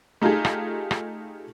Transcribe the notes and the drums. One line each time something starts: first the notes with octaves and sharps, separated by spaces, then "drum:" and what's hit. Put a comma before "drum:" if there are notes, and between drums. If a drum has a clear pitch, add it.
A3 D#4 F4 G4 G#4
drum: rim click
drum: rim click